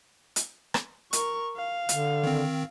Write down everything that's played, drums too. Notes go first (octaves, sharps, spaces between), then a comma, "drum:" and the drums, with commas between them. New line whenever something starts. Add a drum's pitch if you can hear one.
drum: hi-hat
drum: rim click
A#4 C#6, drum: hi-hat
F5
D3, drum: hi-hat
D#3 C4